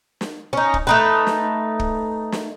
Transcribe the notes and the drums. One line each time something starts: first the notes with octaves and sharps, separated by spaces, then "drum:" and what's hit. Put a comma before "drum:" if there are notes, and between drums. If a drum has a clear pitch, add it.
drum: snare
C#4 D#4
drum: kick
A3 D#4 B4
drum: snare
drum: kick
drum: snare